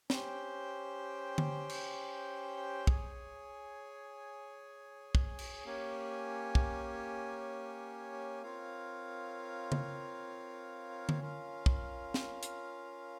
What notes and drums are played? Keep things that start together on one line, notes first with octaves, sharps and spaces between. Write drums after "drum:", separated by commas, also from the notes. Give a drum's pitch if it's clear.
C#4 G4 C5 G5, drum: snare
drum: tom D3
drum: cymbal
G#4 C#5 G#5, drum: kick
drum: kick
drum: cymbal
A#3 C#4 G4 C#5 G#5
drum: kick
C4 F4 A#4 C#5 F5
drum: tom C#3
drum: tom D3
C#4 F4 A#4 F5
drum: kick
drum: snare
drum: hi-hat